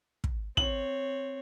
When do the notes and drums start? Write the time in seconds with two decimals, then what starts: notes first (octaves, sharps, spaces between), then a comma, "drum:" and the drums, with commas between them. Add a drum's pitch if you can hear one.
0.24 drum: kick
0.57 C4 C#5 F#7, drum: kick